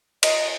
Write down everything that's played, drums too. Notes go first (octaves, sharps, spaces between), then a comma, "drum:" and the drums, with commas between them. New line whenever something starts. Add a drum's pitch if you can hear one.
D#5, drum: cymbal